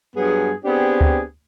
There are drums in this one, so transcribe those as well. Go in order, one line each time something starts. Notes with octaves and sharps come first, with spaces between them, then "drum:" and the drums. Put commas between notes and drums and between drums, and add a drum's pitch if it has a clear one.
G2 F#3 B3 G#4
B3 C4 D4 G4 G#4
drum: kick D2